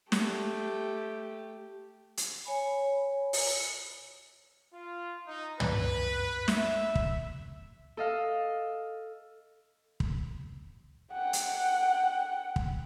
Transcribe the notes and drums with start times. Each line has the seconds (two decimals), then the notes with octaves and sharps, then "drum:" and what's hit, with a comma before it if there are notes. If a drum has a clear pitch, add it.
0.12 A3 G4, drum: snare
2.17 drum: hi-hat
2.45 C#5 G#5 B5
3.33 drum: open hi-hat
4.73 F4
5.27 D#4
5.60 B4, drum: tom
6.48 E5, drum: snare
6.95 drum: kick
7.97 A4 D#5 F5
10.00 drum: kick
11.13 F#5 G5
11.33 drum: hi-hat
12.56 drum: kick